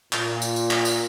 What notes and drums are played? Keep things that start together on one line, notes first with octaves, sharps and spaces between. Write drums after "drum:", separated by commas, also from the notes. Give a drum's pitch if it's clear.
A#2, drum: clap
drum: tambourine
drum: tambourine
drum: clap
drum: tambourine